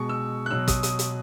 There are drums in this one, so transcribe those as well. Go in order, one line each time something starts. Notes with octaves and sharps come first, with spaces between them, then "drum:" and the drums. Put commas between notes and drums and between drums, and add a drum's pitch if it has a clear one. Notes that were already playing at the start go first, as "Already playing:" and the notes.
Already playing: B2 G#3 C#6
E6
F#6
B2 F#3 E6
D#6, drum: kick, hi-hat
D#6, drum: hi-hat
drum: hi-hat